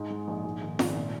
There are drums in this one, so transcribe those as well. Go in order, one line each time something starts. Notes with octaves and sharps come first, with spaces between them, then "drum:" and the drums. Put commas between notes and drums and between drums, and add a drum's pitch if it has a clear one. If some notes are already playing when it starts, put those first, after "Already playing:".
Already playing: G#2 D#6
G#3
A#1
G#2
D#3
G#1, drum: snare
A#2